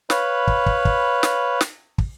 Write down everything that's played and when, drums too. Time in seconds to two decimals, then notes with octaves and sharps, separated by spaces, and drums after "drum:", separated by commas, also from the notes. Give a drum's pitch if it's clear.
0.10 B4 C#5 F5 B5 F#6, drum: snare
0.47 drum: kick
0.66 drum: kick
0.85 drum: kick
1.23 drum: snare
1.61 drum: snare
1.98 drum: kick